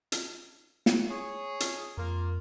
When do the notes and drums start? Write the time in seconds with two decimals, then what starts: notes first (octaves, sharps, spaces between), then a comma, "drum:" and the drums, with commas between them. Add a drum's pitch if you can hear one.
0.12 drum: hi-hat
0.86 drum: snare
1.10 G#4 C#5
1.60 drum: hi-hat
1.97 F2 A#3 F4